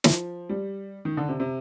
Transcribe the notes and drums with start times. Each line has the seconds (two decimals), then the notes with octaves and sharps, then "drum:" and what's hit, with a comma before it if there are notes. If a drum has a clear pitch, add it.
0.04 F3, drum: snare
0.49 G3
1.05 D#3
1.17 D3
1.29 C3
1.40 C3